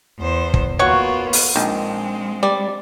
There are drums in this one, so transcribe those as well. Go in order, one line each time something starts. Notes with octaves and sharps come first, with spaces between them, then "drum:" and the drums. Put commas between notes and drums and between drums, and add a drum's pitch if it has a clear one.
E2 C5
drum: kick
A#3 B3 F4 F#4 C#5 F#5 C#6
drum: open hi-hat
A#1 D#3 G#3 C4
G3 D5